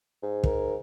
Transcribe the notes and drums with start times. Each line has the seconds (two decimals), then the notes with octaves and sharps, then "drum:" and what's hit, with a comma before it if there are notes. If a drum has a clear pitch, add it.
0.23 G#2
0.44 A#4, drum: kick